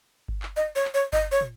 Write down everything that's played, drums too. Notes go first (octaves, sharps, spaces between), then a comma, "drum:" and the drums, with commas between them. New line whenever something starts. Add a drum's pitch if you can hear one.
drum: kick G1
drum: clap
D#5
C#5
drum: clap
C#5
D#5, drum: kick G1
C#5
drum: tom